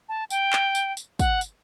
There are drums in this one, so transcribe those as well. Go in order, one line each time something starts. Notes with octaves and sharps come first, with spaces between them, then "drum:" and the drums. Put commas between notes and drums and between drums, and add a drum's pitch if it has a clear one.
A5
G5, drum: tambourine
drum: clap
drum: tambourine
drum: tambourine
F#5, drum: kick, tambourine
drum: tambourine